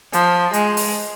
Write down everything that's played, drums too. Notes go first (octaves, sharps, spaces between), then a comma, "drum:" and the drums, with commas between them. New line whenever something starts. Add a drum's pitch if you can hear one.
F3, drum: hi-hat
G#3, drum: hi-hat
drum: open hi-hat